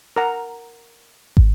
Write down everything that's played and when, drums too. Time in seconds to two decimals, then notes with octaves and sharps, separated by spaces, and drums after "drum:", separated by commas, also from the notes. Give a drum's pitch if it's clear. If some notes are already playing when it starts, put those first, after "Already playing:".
0.16 A#4 F#5 A#5
1.37 drum: kick